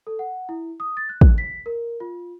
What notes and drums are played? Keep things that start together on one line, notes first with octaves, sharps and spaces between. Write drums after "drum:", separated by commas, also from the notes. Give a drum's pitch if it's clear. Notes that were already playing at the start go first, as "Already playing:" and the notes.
A4
F#5
E4
D#6
A6
F#6
drum: kick
B6
A#4
F4